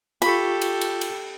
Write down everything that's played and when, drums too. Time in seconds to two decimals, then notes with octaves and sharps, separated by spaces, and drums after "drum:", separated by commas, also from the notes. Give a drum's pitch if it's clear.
0.22 F4 G4 A4 B5 C#6, drum: cymbal
0.61 drum: cymbal
0.81 drum: cymbal
1.01 drum: cymbal